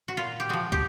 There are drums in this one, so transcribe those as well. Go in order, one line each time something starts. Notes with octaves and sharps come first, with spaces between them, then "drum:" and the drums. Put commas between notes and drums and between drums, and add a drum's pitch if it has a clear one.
F#4
A#2 F4
G4
F3 G#3 F#4
G4, drum: kick